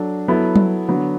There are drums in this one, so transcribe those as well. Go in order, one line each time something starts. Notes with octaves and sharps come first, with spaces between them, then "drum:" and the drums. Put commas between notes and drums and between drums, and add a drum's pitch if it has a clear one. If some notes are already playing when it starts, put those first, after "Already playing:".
Already playing: F#3 D4 A4
F#3 B3 E4 A4
drum: tom F#3
D3 F#3 B3